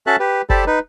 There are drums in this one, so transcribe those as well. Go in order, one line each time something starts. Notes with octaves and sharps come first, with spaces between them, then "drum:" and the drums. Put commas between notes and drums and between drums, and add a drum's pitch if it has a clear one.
C#4 F#4 A4 E5 A5 F#6
G4 B4
G4 A4 C5 D5 A5 B5, drum: kick F#1
D#4 B4